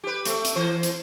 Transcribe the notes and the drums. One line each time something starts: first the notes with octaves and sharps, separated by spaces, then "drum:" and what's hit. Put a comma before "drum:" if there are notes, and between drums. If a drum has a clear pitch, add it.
G4 B4
A3 C4, drum: hi-hat
drum: hi-hat
E3 C5
drum: hi-hat